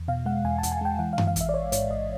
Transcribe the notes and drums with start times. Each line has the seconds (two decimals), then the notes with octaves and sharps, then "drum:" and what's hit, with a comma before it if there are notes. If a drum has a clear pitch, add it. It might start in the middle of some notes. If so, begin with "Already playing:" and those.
Already playing: E2
0.08 B2 F5
0.26 G#3 F#5
0.45 E2 G#5
0.58 A5
0.63 E2, drum: hi-hat
0.72 G#5
0.81 G#3 G5
0.99 E3 F#5
1.13 F5
1.18 E3, drum: tom F#2
1.27 F5
1.36 A1 E5, drum: hi-hat
1.49 D5
1.54 A1 C#5
1.72 G#2 C#5, drum: hi-hat
1.91 A1 D#5